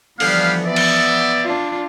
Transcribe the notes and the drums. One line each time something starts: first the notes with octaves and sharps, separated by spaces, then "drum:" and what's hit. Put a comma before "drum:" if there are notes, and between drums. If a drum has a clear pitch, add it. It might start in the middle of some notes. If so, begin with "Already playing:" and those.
D3 E3 F3 G3 B3 G4 F5, drum: open hi-hat
B3 D5 E5
drum: cymbal
D4 F4